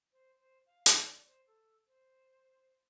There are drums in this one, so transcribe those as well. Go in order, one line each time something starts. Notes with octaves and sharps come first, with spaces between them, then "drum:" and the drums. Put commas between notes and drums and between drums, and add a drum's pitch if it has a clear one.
C5
C5
F5
F5, drum: hi-hat
D5
C5
A4
C5